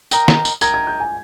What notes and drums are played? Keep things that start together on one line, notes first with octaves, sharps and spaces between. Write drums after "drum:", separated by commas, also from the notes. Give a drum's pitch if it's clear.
A#4 D#5 G5, drum: tambourine
drum: snare
drum: tambourine
A#4 D#5 G5 G#6, drum: tambourine
G#6
G6
G#5